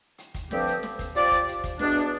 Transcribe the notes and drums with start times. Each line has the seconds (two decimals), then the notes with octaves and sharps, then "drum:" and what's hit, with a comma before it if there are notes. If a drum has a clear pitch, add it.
0.18 drum: hi-hat
0.34 drum: kick, hi-hat
0.51 G2 D3 F3 C4 G4, drum: snare
0.67 drum: hi-hat
0.83 drum: snare
0.99 drum: kick, hi-hat
1.15 F3 C4 G4 D5, drum: hi-hat
1.31 drum: kick, hi-hat
1.48 drum: hi-hat
1.64 drum: kick, hi-hat
1.79 E2 B2 B3 D4, drum: snare
1.96 drum: hi-hat